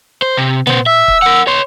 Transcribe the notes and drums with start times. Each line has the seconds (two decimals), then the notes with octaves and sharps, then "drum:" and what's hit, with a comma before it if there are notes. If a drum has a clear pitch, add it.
0.22 C5
0.37 C3
0.67 B3 C5, drum: tom A#2
0.86 E5 E6
1.08 drum: kick C#1
1.22 A#4 F#5
1.47 C#5 C6